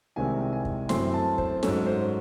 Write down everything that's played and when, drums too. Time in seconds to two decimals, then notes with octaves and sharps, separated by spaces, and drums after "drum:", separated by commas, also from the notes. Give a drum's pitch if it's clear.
0.16 C2 C3 D#3 G#3 C4 G#5
0.53 G#5
0.65 drum: kick
0.89 F#2 E3 A3 C4 C6, drum: snare
1.14 A5
1.38 C5, drum: kick
1.63 G#2 F#3 C#4 A4, drum: snare
1.87 C5